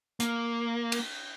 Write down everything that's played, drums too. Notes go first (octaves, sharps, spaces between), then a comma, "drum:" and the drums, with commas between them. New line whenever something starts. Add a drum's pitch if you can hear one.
A#3, drum: hi-hat
drum: cymbal